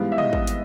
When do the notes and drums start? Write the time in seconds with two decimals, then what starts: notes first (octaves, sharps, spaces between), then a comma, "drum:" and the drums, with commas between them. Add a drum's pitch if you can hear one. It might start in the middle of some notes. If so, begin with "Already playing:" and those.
Already playing: G#2 E3 G3 B3 F5
0.12 E5
0.18 D#5, drum: tom
0.33 drum: kick G#1
0.47 drum: hi-hat